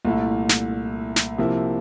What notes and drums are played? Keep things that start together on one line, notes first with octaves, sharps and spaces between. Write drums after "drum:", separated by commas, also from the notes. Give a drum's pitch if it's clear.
C2 A#2 A3 E4
drum: snare
drum: snare
C3 F3 A#3 E4